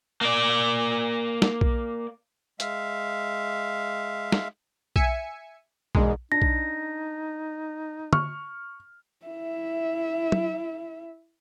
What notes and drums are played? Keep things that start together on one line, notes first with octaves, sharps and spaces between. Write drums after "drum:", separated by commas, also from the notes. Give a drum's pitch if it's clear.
A#3 D5
drum: snare
drum: kick B1
G#3 E5 F5, drum: hi-hat
drum: snare
E5 G#5 C#7, drum: kick B1
E1 G#2 G#3, drum: kick B1
D4 D#4 A#6
drum: kick B1
C#6 F6, drum: tom
E4 E5
drum: tom